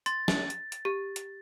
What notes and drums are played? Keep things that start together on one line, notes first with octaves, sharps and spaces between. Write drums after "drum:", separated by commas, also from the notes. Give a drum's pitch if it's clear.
C6 A6, drum: hi-hat
drum: snare
drum: hi-hat
drum: hi-hat
G4
drum: hi-hat